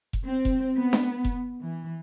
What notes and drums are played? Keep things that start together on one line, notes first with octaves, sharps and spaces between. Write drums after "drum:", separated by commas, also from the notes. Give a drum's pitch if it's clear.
drum: kick F1
C4
drum: kick F1
B3
drum: snare D4
drum: kick F1
E3